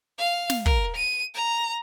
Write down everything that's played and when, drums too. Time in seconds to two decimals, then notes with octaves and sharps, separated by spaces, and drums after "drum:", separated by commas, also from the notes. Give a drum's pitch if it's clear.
0.18 F5
0.50 drum: snare
0.66 A#4, drum: kick
0.96 D#7
1.34 A#5